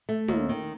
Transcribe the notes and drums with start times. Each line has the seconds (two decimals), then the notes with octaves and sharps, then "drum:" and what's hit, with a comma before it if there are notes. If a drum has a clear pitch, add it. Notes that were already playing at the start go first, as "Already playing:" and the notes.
0.09 A3
0.28 D#2, drum: tom
0.49 D#3